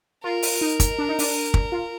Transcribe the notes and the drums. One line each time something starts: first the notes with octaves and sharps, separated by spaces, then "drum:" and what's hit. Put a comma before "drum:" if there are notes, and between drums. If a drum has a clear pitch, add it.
F4 A#4
drum: open hi-hat
D#4
drum: kick, hi-hat
D4
D#4
D4, drum: open hi-hat
drum: kick
F4